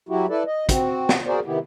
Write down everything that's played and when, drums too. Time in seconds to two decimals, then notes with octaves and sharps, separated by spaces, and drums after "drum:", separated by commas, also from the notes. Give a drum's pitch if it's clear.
0.09 F#3 E4 F#4 G4
0.29 E4 A4 B4 D5
0.47 D#5
0.69 C4 F#4, drum: kick, hi-hat
1.09 drum: snare
1.27 F#4 G#4 A#4 C5 D5
1.46 C3 D#3 B3 E4 G4